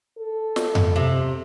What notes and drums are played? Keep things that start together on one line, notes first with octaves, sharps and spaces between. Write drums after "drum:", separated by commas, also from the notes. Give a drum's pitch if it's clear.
A4
drum: snare
drum: tom F2
C3